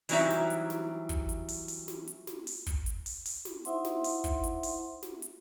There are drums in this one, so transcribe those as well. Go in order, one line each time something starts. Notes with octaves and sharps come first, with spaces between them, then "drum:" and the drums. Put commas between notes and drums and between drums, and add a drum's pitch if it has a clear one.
E3 F#3 G3 C4 D#4 E5, drum: open hi-hat
drum: snare
drum: hi-hat
drum: snare
drum: kick, hi-hat
drum: hi-hat
drum: open hi-hat
drum: open hi-hat
drum: snare
drum: hi-hat
drum: snare
drum: open hi-hat
drum: kick, hi-hat
drum: hi-hat
drum: open hi-hat
drum: open hi-hat
drum: snare
D#4 E4 C5 E5 F#5 C6, drum: hi-hat
drum: snare
drum: open hi-hat
drum: kick, hi-hat
drum: hi-hat
drum: open hi-hat
drum: snare
drum: hi-hat